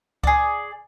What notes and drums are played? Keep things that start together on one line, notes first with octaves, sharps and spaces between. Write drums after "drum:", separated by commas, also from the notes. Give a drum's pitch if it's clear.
G#4 D5, drum: kick C#2